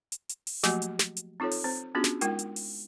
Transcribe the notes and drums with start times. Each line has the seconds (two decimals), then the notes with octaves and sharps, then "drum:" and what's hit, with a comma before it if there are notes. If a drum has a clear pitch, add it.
0.12 drum: hi-hat
0.29 drum: hi-hat
0.47 drum: open hi-hat
0.63 F3 F#3 A3 A#3 F#4 G4, drum: snare
0.82 drum: hi-hat
0.99 drum: snare
1.17 drum: hi-hat
1.40 C4 D#4 F4 A4 C#5
1.51 drum: open hi-hat
1.64 C4 C5
1.95 B3 C#4 D4 F4 F#4 G#4
2.04 drum: snare
2.21 G#3 D#4 F4 A#4 G5, drum: hi-hat
2.39 drum: hi-hat
2.56 drum: open hi-hat